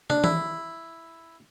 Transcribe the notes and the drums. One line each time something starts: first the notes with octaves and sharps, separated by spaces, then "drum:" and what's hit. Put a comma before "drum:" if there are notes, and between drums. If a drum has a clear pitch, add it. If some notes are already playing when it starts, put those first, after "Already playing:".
D4, drum: tom
E4, drum: tom E3